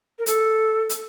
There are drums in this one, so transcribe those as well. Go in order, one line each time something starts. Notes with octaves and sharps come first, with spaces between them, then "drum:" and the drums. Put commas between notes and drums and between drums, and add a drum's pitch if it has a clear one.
A#4
A4, drum: hi-hat
drum: hi-hat